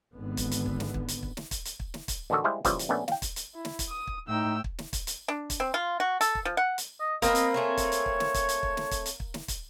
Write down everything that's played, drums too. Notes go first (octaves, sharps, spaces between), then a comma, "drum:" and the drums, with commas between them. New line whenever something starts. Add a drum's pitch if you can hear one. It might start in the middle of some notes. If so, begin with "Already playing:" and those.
G#1 D3 B3
drum: kick, hi-hat
drum: hi-hat
drum: kick
drum: snare
drum: kick
drum: hi-hat
drum: kick
drum: snare
drum: kick, hi-hat
drum: hi-hat
drum: kick
drum: snare
drum: kick, hi-hat
A1 D3 D#3 F#4 A4
G3 G#3 E4 C5 F5 G5
A#2 C#3 E3 F3 G3, drum: kick, hi-hat
drum: hi-hat
A#1 A3 B3 C#4 D4
F5 G5, drum: snare
drum: kick, hi-hat
drum: hi-hat
E4
drum: snare
drum: kick, hi-hat
D#6
drum: kick
A2 D#4 G5 E6
drum: kick
drum: snare
drum: kick, hi-hat
drum: hi-hat
D4
drum: kick, hi-hat
C4
F4
F#4
A4, drum: hi-hat
drum: kick
F3
F#5
drum: hi-hat
D#5
A#3 C4 B4 D#5, drum: kick, hi-hat
drum: hi-hat
A3 C4 C#5 G#5
drum: kick, hi-hat
drum: hi-hat
drum: kick
drum: snare
drum: kick, hi-hat
drum: hi-hat
drum: kick
drum: snare
drum: kick, hi-hat
drum: hi-hat
drum: kick
drum: snare
drum: kick, hi-hat